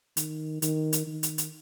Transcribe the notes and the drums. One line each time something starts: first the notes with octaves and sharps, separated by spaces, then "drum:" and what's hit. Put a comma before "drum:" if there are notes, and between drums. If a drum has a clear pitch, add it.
D#3, drum: hi-hat
D#3, drum: hi-hat
drum: hi-hat
D#3
drum: hi-hat
drum: hi-hat